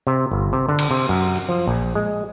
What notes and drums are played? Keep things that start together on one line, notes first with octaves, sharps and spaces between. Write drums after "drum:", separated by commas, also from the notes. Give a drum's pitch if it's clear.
C3
G1
C3
D3
drum: cymbal
C3
F#2
drum: hi-hat
F3
A#1
G#3